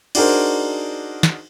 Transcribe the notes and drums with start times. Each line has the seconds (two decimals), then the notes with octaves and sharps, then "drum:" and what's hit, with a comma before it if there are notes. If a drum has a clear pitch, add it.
0.15 D4 D#4 F#4 G#4 A#4 C5, drum: cymbal
1.23 drum: snare